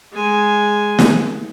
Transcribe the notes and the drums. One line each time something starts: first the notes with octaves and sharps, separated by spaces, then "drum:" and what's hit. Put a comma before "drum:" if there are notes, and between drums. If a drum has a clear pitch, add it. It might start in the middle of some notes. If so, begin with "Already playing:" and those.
G#3 G#5
drum: snare